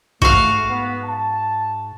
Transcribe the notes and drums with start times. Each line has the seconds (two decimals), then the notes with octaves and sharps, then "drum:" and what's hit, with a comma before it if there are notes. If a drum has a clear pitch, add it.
0.22 G#2 A3 F#4 F5, drum: kick
0.69 B3
1.05 A5